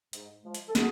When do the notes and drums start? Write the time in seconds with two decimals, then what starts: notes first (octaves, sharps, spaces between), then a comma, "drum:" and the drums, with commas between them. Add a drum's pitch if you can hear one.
0.13 G#2, drum: hi-hat
0.43 F3 G#3
0.55 drum: hi-hat
0.68 A4
0.75 F#4 G#4, drum: snare